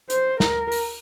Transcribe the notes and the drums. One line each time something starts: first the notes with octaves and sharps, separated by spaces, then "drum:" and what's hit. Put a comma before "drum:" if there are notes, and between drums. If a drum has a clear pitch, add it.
C5, drum: hi-hat
A#4, drum: snare
drum: open hi-hat